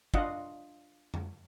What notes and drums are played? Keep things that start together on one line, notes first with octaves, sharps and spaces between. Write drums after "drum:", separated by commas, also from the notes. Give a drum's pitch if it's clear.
D4 F4 D#5 F#5, drum: kick
drum: tom F2